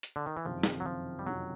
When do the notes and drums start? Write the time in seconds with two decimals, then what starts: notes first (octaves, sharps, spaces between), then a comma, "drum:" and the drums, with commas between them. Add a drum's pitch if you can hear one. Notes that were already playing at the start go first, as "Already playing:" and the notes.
0.03 drum: hi-hat
0.16 D3
0.26 D#3
0.37 E3
0.45 F#1 F2 C3 D#3 F3
0.63 drum: snare
0.80 F#3
0.86 F3
1.19 G3
1.26 F#1 F2 C3 D#3 F#3